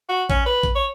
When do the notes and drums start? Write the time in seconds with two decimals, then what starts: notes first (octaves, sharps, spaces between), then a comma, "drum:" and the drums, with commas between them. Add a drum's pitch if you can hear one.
0.09 F#4
0.30 C#4, drum: kick A#1
0.46 B4
0.63 drum: kick A#1
0.75 C#5